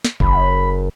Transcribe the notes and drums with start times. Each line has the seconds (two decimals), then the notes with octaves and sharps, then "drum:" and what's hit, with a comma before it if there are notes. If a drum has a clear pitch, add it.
0.05 drum: snare
0.20 F#1 B5, drum: kick